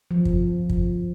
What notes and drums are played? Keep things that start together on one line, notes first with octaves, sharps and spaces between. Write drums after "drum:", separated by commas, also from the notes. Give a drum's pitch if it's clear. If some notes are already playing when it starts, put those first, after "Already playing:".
F3
drum: kick
drum: kick